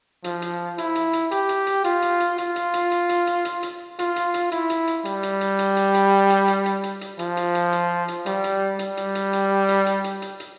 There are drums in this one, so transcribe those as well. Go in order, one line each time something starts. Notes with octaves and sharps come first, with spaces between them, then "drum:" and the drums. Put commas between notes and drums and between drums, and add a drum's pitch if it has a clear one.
F3, drum: hi-hat
drum: hi-hat
E4, drum: hi-hat
drum: hi-hat
drum: hi-hat
G4, drum: hi-hat
drum: hi-hat
drum: hi-hat
F4, drum: hi-hat
drum: hi-hat
drum: hi-hat
F4, drum: hi-hat
drum: hi-hat
drum: hi-hat
drum: hi-hat
drum: hi-hat
drum: hi-hat
drum: hi-hat
drum: hi-hat
F4, drum: hi-hat
drum: hi-hat
drum: hi-hat
E4, drum: hi-hat
drum: hi-hat
drum: hi-hat
G3, drum: hi-hat
drum: hi-hat
drum: hi-hat
drum: hi-hat
drum: hi-hat
drum: hi-hat
drum: hi-hat
drum: hi-hat
drum: hi-hat
drum: hi-hat
drum: hi-hat
F3, drum: hi-hat
drum: hi-hat
drum: hi-hat
drum: hi-hat
drum: hi-hat
G3, drum: hi-hat
drum: hi-hat
G3, drum: hi-hat
drum: hi-hat
drum: hi-hat
drum: hi-hat
drum: hi-hat
drum: hi-hat
drum: hi-hat
drum: hi-hat
drum: hi-hat